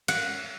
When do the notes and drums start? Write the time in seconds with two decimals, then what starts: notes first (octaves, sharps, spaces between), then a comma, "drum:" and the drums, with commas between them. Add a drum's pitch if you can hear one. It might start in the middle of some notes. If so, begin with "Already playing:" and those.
0.08 F#5, drum: cymbal